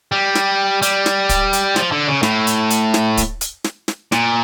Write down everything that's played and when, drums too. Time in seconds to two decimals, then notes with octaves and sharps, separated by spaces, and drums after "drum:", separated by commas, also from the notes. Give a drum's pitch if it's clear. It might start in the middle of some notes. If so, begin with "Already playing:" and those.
0.12 G3
0.35 drum: snare
0.82 G3, drum: hi-hat
1.06 drum: snare
1.29 drum: kick, hi-hat
1.53 drum: hi-hat
1.76 F3, drum: snare
1.92 D3
2.08 C#3
2.23 A2, drum: snare
2.47 drum: hi-hat
2.70 drum: hi-hat
2.94 drum: snare
3.17 drum: kick, hi-hat
3.41 drum: hi-hat
3.64 drum: snare
3.88 drum: snare
4.12 A#2, drum: snare